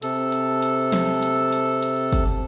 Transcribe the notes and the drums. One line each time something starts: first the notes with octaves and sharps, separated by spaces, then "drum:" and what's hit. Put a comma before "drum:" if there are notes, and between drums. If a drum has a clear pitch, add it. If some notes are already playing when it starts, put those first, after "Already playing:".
C3 A4, drum: hi-hat
drum: hi-hat
drum: hi-hat
drum: snare
drum: hi-hat
drum: hi-hat
drum: hi-hat
drum: kick, hi-hat